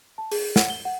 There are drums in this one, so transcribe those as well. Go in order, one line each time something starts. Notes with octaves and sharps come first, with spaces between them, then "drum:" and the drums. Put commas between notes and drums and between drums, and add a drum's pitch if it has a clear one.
A5
G#4, drum: open hi-hat
F#5, drum: snare
G7
F#5